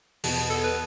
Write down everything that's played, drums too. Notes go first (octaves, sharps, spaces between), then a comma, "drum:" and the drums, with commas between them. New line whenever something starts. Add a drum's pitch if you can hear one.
E2 B2, drum: open hi-hat
A4
B4